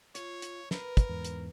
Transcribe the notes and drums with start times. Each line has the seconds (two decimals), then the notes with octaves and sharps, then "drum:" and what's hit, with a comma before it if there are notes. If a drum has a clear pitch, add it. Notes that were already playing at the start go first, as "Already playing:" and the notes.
0.15 F4 C#5, drum: hi-hat
0.42 drum: hi-hat
0.71 A#4 B4, drum: snare
0.97 drum: kick, hi-hat
1.09 E2 G#2
1.24 drum: hi-hat